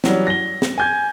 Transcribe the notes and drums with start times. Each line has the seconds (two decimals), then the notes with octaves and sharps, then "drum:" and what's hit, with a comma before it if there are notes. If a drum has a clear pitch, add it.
0.04 E3 F#3 G3, drum: snare
0.27 A#6 G7
0.62 drum: snare
0.78 G#5 G6 G#6